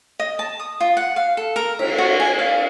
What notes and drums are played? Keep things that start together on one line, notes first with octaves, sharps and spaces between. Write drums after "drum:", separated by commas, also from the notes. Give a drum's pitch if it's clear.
D#5
A5
D#6
F4
F#5
F5
A4
A#4
E5, drum: cymbal
F#4
G#5
F5